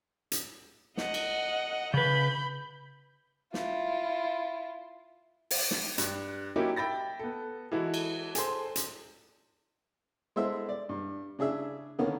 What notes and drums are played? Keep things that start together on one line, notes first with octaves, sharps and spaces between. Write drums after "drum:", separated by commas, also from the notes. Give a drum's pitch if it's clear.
drum: hi-hat
D#5 F#5, drum: snare
drum: cymbal
C#3 B4 B5 G6
E4 F4, drum: snare
drum: open hi-hat
drum: snare
G2, drum: hi-hat
F#3 A#3 C#4 D#4 E4 G4
E5 G5 B5 A6 A#6
B3 A4
E3 G#3 E4 F#4 A4
drum: cymbal
G#4 A4 C5, drum: hi-hat
drum: hi-hat
G#3 B3 E4 A4 C5 E5
D5
G2
C#3 D4 G#4 E5
D3 D#3 A#3 B3 C#4